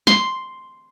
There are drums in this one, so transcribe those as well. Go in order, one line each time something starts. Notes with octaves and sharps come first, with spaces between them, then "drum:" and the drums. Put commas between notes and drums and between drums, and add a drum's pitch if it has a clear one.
C6, drum: snare